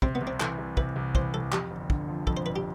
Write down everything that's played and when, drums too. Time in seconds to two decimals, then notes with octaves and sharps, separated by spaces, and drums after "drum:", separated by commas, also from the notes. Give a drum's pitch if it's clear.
0.02 C3 C4, drum: kick
0.15 B3
0.21 C2
0.27 C4
0.40 E3 A4, drum: clap
0.59 C2
0.77 C3 B4, drum: kick
0.96 C2
1.15 E3 C5, drum: kick
1.34 C2 A4
1.52 F2 G4, drum: clap
1.71 G1
1.90 D3, drum: kick
2.08 F3
2.27 F2 A4, drum: kick
2.37 C5
2.46 G1 B4
2.56 G4